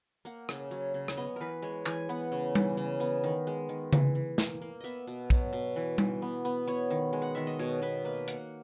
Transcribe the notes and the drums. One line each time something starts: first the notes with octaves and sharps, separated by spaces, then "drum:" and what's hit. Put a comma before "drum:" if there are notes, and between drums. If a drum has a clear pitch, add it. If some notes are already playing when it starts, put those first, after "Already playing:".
A#3 F#5
C#3, drum: rim click
F#3
C#3
C#5, drum: rim click
B3 D#5
E3 A#4 B4
G#3 C#5
E3 G#5, drum: clap
B3 F#5
C#3
E3, drum: tom G3
C#3
B3
D#3
G#3
D#3
E3, drum: tom C#3
E3
A#3, drum: snare
A#3
B3 D#5 E5
B2
F#3, drum: kick
B2
E3
E3, drum: tom G3
B3
B3
B3 C#5
D#3
G#3
F#5
D#3 E5
D#5
B2 C#5
B2 B4
A#3 B4
A#3 F#5, drum: hi-hat